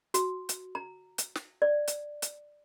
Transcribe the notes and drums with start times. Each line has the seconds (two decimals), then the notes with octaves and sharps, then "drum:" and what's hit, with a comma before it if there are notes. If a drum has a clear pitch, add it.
0.14 F#4, drum: hi-hat
0.49 drum: hi-hat
0.75 A#5
1.18 drum: hi-hat
1.35 drum: snare
1.62 D5
1.87 drum: hi-hat
2.22 drum: hi-hat